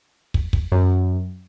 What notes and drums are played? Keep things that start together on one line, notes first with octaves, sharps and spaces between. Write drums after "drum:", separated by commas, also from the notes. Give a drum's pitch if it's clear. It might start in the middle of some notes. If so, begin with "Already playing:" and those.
drum: kick
drum: kick
F#2